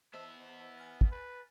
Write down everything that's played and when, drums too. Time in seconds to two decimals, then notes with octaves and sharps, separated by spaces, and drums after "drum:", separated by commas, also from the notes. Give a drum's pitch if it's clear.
0.14 B3 C5 D#5 E5 A5
0.77 G#5 F6 A6
1.01 drum: kick
1.11 B4